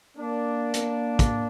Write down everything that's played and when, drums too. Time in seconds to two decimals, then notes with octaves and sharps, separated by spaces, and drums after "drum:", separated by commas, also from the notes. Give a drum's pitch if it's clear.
0.17 A#3 D4
0.74 drum: hi-hat
1.19 drum: kick, hi-hat